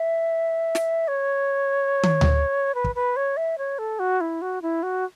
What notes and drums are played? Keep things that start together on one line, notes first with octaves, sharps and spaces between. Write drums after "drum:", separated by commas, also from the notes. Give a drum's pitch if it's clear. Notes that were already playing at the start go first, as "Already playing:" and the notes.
Already playing: E5
drum: snare
C#5
drum: tom
drum: tom D2
B4
drum: kick
B4
C#5
E5
C#5
A4
F#4
E4
F#4
E4
F#4